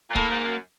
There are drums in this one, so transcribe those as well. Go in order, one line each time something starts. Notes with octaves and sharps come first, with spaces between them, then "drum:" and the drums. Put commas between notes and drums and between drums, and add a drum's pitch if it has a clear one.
A#2
A2 A#3, drum: kick
G#2
F#2